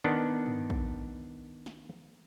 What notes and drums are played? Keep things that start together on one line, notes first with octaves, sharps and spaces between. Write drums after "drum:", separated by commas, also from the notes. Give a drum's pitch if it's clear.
D#3 B3 D4
drum: tom
drum: kick
drum: snare